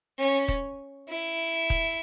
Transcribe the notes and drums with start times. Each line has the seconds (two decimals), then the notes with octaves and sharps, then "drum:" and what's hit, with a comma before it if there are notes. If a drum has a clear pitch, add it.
0.18 C#4
0.48 drum: kick D#1
1.09 E4
1.70 drum: kick D#1